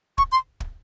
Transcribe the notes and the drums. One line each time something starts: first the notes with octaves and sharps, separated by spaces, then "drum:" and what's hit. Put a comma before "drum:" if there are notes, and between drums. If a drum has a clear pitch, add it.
C#6, drum: kick
C6
drum: kick